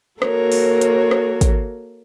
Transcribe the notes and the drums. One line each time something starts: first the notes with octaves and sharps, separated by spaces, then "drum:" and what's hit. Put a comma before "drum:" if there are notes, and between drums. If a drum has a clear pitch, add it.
A#3 F#4 A4 A#4 C#5, drum: rim click
drum: open hi-hat
drum: hi-hat
drum: rim click
drum: kick, hi-hat